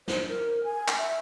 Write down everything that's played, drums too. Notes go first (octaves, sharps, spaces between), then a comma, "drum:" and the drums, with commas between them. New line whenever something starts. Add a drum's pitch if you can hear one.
C5, drum: snare
A#4
G#5
drum: clap
E5